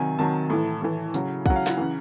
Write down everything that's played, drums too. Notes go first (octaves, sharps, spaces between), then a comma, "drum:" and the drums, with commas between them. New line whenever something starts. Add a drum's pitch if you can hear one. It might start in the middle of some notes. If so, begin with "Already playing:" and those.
Already playing: C3 D#3 F#3 G#5
C3 D#3 F#3 A5
A2 E3
A2 E3
C#3 F#3, drum: hi-hat
C#3 F#3 F#5, drum: kick
F5
F#5, drum: snare
C#3 E3